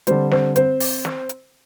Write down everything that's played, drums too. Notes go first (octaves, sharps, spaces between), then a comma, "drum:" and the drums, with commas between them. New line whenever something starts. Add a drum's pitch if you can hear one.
D3 G3 C4 C5, drum: hi-hat
C4 C5, drum: snare
C4 C5, drum: hi-hat
drum: open hi-hat
drum: snare
drum: hi-hat